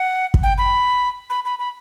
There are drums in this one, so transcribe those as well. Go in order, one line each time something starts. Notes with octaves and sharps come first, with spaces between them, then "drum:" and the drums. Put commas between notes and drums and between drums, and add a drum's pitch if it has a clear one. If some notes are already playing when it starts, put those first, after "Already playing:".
Already playing: F#5
drum: kick
G5
B5
B5
B5
B5